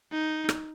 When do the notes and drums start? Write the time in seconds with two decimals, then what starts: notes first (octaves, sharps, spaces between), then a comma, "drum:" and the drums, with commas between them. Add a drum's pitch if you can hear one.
0.12 D#4
0.49 drum: rim click